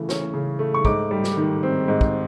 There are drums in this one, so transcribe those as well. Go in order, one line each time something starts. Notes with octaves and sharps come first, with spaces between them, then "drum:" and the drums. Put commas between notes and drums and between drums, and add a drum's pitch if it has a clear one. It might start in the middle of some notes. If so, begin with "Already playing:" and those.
Already playing: C#3 E3 A3
C#4, drum: snare
C#3
A3
C#6
G#2 D6, drum: kick
G3
drum: snare
D#3
C4
G#2
drum: kick